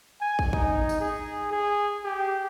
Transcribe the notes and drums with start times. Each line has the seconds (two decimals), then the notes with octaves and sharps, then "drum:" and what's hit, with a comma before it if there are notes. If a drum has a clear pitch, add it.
0.21 G#5
0.39 drum: kick
0.53 D#4, drum: kick
0.89 drum: tambourine
1.00 G#4
1.52 G#4
2.04 G4